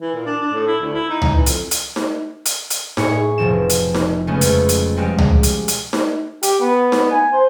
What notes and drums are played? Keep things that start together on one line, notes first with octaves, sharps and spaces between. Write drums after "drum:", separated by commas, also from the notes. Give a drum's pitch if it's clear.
E3
A#2
D4
D4
A2
E4
D2
E4
D#4
drum: tom C#2
E3
F2, drum: hi-hat
drum: hi-hat
drum: snare D#4
drum: hi-hat
drum: hi-hat
A2 G#4 C#5 C#6, drum: snare D#4
F1 B2 F3 C4 E7
drum: hi-hat
drum: snare D#4
C#3 G#3 A3 B3 C#4
F2, drum: hi-hat
drum: hi-hat
F3 G3 G#3 F#4 G4
drum: tom C#2
drum: hi-hat
drum: hi-hat
drum: snare D#4
G4, drum: hi-hat
B3
drum: snare D#4
G#5
C5